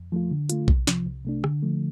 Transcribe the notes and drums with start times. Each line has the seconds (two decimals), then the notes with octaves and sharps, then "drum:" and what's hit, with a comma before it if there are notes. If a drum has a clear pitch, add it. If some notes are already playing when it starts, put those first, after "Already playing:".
Already playing: F2
0.12 F3 A3 F4
0.31 D3
0.50 A3 F4, drum: hi-hat
0.68 C2, drum: kick A#1
0.87 C3 F3, drum: snare
1.06 C2
1.25 C3 A3 D4
1.44 D3, drum: rim click
1.63 F3 A3